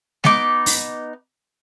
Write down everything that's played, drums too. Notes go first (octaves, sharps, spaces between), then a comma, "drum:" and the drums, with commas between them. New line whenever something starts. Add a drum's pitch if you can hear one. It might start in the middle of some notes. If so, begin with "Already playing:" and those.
B3 D#4 D6, drum: snare G#3
drum: open hi-hat